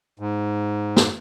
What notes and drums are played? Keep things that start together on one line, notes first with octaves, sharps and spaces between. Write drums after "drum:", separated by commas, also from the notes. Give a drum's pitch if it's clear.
G#2
drum: snare